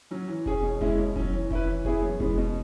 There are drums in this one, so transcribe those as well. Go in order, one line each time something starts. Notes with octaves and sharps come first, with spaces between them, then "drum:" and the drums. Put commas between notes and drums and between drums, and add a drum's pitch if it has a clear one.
F#3 C#4
E3
C#4 G#4 C#5, drum: kick F1
B2
G#3 C#4 E4, drum: kick F1
B2
F#3 C#4, drum: kick F1
E3
C#4 E4 B4, drum: kick F1
E3
B3 E4 G#4 C#5, drum: kick F1
F#2
C#3 E3 G#3 B3, drum: kick F1
B2